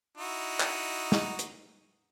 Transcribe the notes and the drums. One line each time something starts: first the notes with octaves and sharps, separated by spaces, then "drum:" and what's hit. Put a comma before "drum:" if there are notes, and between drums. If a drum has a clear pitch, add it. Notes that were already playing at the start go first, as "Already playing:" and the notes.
D#4 E4 F#4
drum: clap
drum: snare
drum: hi-hat